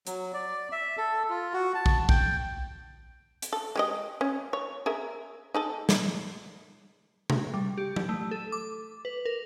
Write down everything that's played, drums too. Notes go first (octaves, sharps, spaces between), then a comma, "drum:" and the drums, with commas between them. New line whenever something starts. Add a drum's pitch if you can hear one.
F#3, drum: hi-hat
D5
E5
A4
F4
F#4
A5
drum: kick A#1
G5, drum: kick A#1
drum: hi-hat
A4
G#3 G4 D#5
C#4
C#5
G#4 A#4 E5
D#4 G#4 A4
drum: snare
drum: tom C3
G3
G4
drum: tom F#3
A3
A4
D6
B4
A#4